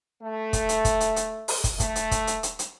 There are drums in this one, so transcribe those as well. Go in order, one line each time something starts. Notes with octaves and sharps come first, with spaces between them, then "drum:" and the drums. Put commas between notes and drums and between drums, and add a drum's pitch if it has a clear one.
A3
drum: kick, hi-hat
drum: hi-hat
drum: kick, hi-hat
drum: hi-hat
drum: hi-hat
drum: open hi-hat
drum: kick, hi-hat
A3, drum: kick, hi-hat
drum: hi-hat
drum: kick, hi-hat
drum: hi-hat
drum: hi-hat
drum: hi-hat